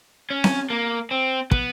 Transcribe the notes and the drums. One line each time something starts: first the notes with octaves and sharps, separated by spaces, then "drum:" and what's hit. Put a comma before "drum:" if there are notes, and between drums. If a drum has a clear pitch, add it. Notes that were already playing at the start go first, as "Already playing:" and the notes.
C#4
drum: snare C4
A#3
C4
B3, drum: kick